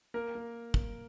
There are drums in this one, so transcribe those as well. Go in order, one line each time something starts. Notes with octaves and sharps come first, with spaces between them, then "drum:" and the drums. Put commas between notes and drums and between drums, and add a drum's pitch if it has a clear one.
A#3 A#4
A#3
drum: kick